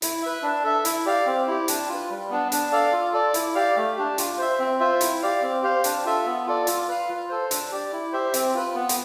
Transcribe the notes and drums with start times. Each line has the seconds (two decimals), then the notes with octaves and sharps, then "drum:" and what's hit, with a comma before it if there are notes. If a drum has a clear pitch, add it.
0.02 E4, drum: hi-hat
0.22 B4 E5
0.43 D4
0.64 A4 E5
0.85 E4, drum: hi-hat
1.06 G4 D5 F5
1.26 C4
1.47 E4 G4
1.68 D4, drum: hi-hat
1.89 F4 B4
2.10 G3
2.30 B3 D4
2.52 D4, drum: hi-hat
2.72 A4 D5 F5
2.92 F4
3.13 A4 D5
3.34 E4, drum: hi-hat
3.55 G4 D5 F5
3.77 A3
3.97 D4 G4
4.18 F4, drum: hi-hat
4.38 C5 E5
4.59 C4
4.80 F4 C5 E5
5.01 E4, drum: hi-hat
5.22 G4 D5 F5
5.42 C4
5.63 G4 C5 F5
5.84 D4, drum: hi-hat
6.05 F4 A4 E5
6.26 B3
6.47 F4 A4 D5
6.67 F4, drum: hi-hat
6.88 B4 F5
7.09 F4
7.29 A4 C5
7.51 D4, drum: hi-hat
7.71 G4 D5
7.92 E4
8.13 G4 C5 E5
8.34 C4, drum: hi-hat
8.55 F4 B4
8.75 B3
8.89 drum: hi-hat